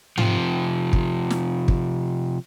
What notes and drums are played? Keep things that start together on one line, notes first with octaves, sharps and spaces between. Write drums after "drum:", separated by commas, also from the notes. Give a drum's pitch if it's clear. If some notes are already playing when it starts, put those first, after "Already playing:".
C3 F3, drum: tom G#2
drum: kick
drum: snare
drum: kick